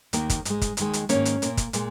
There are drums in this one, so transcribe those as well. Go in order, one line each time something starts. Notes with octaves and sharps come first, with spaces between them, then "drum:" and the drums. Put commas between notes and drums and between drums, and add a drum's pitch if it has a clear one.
D#2 D#3 A#3, drum: hi-hat
drum: kick, hi-hat
G#2 G#3, drum: hi-hat
drum: kick, hi-hat
D#2 D#3 G#3, drum: hi-hat
drum: hi-hat
G#2 D#3 A#3 C#4 C#5, drum: hi-hat
drum: hi-hat
A#2 A#3, drum: hi-hat
drum: kick, hi-hat
A#2 G#3, drum: hi-hat